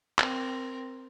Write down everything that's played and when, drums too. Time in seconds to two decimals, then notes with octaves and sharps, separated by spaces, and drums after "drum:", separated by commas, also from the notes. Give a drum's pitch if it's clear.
0.19 C4 A#4, drum: clap